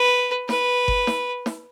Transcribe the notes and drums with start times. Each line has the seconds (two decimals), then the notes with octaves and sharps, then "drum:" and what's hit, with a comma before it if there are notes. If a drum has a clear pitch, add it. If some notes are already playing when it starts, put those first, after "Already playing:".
Already playing: B4
0.49 B4, drum: snare
0.88 drum: kick G1
1.07 drum: snare
1.46 drum: snare